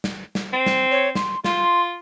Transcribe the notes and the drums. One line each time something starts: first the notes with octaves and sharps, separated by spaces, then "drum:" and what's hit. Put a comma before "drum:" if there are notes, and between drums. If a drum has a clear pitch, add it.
drum: snare
drum: snare
C4
drum: snare
C#5
C6, drum: snare
F4 C6, drum: snare